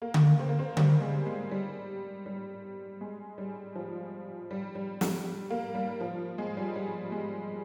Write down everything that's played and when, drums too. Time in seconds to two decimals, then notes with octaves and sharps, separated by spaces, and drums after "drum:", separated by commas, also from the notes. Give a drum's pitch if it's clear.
0.02 A#3
0.14 drum: tom D3
0.39 C4
0.49 A#3
0.59 C4
0.77 G3, drum: tom D3
1.01 G#3
1.26 G#3
1.51 G3
2.26 G3
3.01 G#3
3.38 G3
3.75 F3
4.51 G3
4.75 G3
5.01 G3, drum: snare
5.50 A#3
5.75 G3
6.01 F3
6.38 G#3
6.57 G3
6.75 G3
7.12 G#3